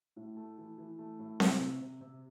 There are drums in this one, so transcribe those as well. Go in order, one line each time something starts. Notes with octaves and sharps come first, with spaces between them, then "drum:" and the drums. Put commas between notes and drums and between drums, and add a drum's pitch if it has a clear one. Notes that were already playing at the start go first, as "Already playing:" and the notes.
A2
A3
E3
E3
A3
A2
C3, drum: snare C4
C3
C3
C3